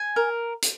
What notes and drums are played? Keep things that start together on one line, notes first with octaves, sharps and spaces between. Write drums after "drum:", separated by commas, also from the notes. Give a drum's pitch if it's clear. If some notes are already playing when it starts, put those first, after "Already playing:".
Already playing: G#5
A#4
drum: hi-hat